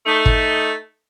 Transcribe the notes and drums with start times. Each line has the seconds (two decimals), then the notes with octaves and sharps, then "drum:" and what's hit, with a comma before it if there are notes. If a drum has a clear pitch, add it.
0.06 A3 D#4
0.26 drum: kick